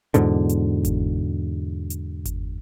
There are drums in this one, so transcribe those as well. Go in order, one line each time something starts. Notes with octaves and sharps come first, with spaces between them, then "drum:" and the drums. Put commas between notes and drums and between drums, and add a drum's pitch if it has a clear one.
E2 G#2 B2 D3, drum: hi-hat
drum: hi-hat
drum: kick G1, hi-hat
drum: hi-hat
drum: kick G1, hi-hat